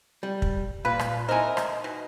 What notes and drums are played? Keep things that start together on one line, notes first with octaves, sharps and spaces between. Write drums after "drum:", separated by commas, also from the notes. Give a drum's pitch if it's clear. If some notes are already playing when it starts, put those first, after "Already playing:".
G3
drum: kick
A#2 F4 B4
drum: rim click
D#4 E4 A#4 C5 G#5
drum: rim click
B2